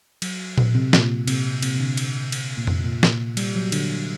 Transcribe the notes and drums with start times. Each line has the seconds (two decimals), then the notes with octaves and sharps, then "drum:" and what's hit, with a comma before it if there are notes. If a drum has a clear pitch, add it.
0.22 F#3, drum: cymbal
0.58 drum: tom A#2
0.75 C3
0.93 A#2, drum: snare
1.28 C3, drum: cymbal
1.62 C3, drum: cymbal
1.76 C3
1.79 D3
1.97 drum: cymbal
2.32 drum: cymbal
2.58 A#2
2.67 C3, drum: tom F2
2.84 A#2
3.03 A#2, drum: snare
3.37 G3, drum: cymbal
3.55 F#3
3.72 D3, drum: cymbal